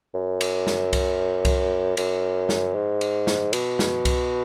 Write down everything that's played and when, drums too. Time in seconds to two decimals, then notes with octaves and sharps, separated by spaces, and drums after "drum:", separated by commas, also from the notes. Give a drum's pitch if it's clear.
0.14 F#2
0.41 drum: cymbal
0.67 drum: snare
0.93 drum: kick C2, cymbal
1.45 drum: kick C2, cymbal
1.97 F#2, drum: cymbal
2.49 drum: snare
2.75 G#2
3.01 drum: cymbal
3.27 drum: snare
3.53 B2, drum: cymbal
3.79 drum: snare
4.05 drum: kick C2, cymbal